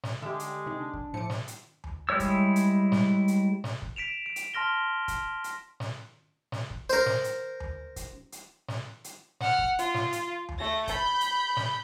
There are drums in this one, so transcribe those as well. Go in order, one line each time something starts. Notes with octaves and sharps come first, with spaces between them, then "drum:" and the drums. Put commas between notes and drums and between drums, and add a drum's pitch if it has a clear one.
drum: snare
D3 G#3 G4 E5
drum: hi-hat
C3 D#4
D4
drum: kick
A2 F3 D6 C#7
drum: snare
drum: hi-hat
drum: tom D#2
G3 G#3 E4 C#5 E6
drum: kick, hi-hat
drum: hi-hat
drum: snare
drum: hi-hat
drum: snare
drum: kick
B6 D7 E7 F7
D7
drum: hi-hat
A5 C6 F6 A#6 G7
drum: kick, hi-hat
drum: hi-hat
drum: snare
drum: snare
drum: kick
A#4 C5, drum: hi-hat
drum: snare
drum: hi-hat
drum: tom D#2
drum: kick, hi-hat
drum: hi-hat
drum: snare
drum: hi-hat
F#5 F6, drum: snare
drum: kick
F4, drum: hi-hat
drum: snare
drum: hi-hat
drum: tom D#2
A3 A#6
B5 G6, drum: kick, hi-hat
drum: hi-hat
drum: snare